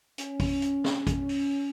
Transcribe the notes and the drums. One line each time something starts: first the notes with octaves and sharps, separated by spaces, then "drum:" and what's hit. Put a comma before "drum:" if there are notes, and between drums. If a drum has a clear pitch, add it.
C#4, drum: hi-hat
drum: kick, open hi-hat
drum: hi-hat
drum: snare
drum: kick, hi-hat
drum: open hi-hat